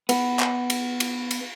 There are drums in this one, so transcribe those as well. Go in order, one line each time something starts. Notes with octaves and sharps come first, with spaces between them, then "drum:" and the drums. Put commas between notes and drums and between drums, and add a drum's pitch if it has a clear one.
B3, drum: cymbal
drum: clap
drum: cymbal
drum: cymbal
drum: cymbal